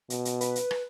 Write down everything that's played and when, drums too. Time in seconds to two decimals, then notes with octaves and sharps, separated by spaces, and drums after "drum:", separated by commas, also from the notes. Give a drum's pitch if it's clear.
0.10 B2, drum: hi-hat
0.25 drum: hi-hat
0.41 B4, drum: hi-hat
0.55 drum: hi-hat
0.71 drum: rim click